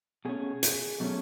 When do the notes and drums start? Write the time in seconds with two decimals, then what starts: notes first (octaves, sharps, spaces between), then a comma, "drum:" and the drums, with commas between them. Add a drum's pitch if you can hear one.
0.25 B2 A3 C#4 G#4
0.63 drum: hi-hat
1.00 B2 F#3 A3 C#4